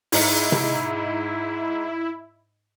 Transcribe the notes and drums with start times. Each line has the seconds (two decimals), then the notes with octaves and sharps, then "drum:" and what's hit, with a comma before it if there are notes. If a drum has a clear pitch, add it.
0.12 G#2 D#4 E4 C#7, drum: open hi-hat
0.52 drum: tom C3